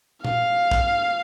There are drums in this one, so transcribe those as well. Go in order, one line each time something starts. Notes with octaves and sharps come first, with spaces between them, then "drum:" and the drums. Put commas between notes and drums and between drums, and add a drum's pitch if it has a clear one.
F5, drum: tom A#2
drum: kick